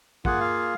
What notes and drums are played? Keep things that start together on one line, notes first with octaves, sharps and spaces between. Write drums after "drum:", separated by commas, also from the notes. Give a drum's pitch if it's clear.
A#3 F4 G#4 F#5, drum: kick
F5